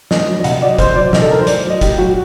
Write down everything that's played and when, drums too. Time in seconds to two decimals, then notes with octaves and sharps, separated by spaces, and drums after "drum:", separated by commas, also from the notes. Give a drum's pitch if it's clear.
0.11 A2 D#5, drum: snare
0.28 F#3
0.40 D#5
0.44 C3 F#5, drum: hi-hat
0.53 D#5
0.61 D#3 F#3 D5
0.70 D#5
0.79 C3 C5, drum: kick, hi-hat
0.96 F#3 D5
1.13 C3 D#5, drum: snare
1.22 A4
1.30 D#3 F#3 A#4
1.39 C5
1.47 A2 D5, drum: hi-hat
1.65 F#3
1.70 D#5
1.81 A2 G4, drum: kick, hi-hat
1.98 F#3 F#4